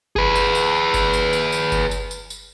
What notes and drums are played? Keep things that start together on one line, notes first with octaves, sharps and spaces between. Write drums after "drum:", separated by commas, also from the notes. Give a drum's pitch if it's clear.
G#4 B4, drum: kick G1
drum: tambourine
drum: tambourine
drum: kick G1, tambourine
drum: tambourine
drum: tambourine
drum: tambourine
drum: kick G1, tambourine
drum: tambourine
drum: tambourine
drum: tambourine